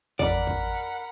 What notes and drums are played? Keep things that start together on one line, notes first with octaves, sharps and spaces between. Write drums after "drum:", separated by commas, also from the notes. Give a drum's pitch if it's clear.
F2 A#4 D5 F#5 B5, drum: kick, tambourine
drum: kick, tambourine
drum: tambourine